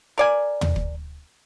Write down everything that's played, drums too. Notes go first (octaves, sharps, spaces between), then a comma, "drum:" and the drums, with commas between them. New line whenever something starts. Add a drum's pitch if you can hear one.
A#4 D5 G#5
drum: tom
drum: kick